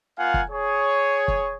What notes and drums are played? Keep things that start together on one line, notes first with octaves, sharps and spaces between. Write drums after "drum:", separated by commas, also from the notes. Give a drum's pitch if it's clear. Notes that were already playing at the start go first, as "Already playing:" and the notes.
A#3 F4 F5 F#5 G#5
drum: kick
G#4 C#5
drum: kick